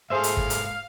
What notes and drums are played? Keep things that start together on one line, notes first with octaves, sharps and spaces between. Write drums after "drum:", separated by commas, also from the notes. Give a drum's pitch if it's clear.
G#2 G#4 A4 C5 E5 F5
drum: hi-hat
drum: kick
drum: hi-hat